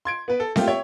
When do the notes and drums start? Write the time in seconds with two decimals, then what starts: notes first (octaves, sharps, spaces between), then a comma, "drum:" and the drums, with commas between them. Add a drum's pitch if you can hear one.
0.05 C6 G#6 D7
0.28 B3 B4
0.40 A4
0.56 A3 A#3 F4 G4, drum: snare C4
0.68 C#5 E5 G5